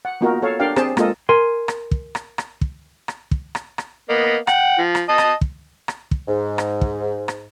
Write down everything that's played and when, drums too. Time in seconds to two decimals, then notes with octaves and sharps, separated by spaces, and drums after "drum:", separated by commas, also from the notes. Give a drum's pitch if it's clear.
0.05 F#5
0.21 A#3 B3 D#4 F4 F#4 A#4
0.42 A4 C#5 F5
0.60 D4 G4 A#4 D5 F5 G5
0.76 C4 G4 G#4 C5 A5, drum: rim click
0.97 G#3 A#3 F4 A4 D#5, drum: rim click
1.29 A#4 G#5 C6
1.68 drum: rim click
1.91 drum: kick
2.15 drum: rim click
2.38 drum: rim click
2.61 drum: kick
3.08 drum: rim click
3.31 drum: kick
3.55 drum: rim click
3.78 drum: rim click
4.09 A#3 B3 D#5
4.47 F#5 G5, drum: rim click
4.79 F3
4.95 drum: rim click
5.09 D#5 A5 D#6
5.18 drum: rim click
5.41 drum: kick
5.88 drum: rim click
6.11 drum: kick
6.28 G#2
6.58 drum: rim click
6.81 drum: kick
7.28 drum: rim click